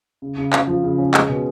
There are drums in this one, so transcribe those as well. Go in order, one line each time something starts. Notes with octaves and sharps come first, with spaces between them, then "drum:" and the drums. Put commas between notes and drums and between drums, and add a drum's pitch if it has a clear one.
C#3
C#3
C#3, drum: clap
F3
C#3
C#4
G#3, drum: clap
B2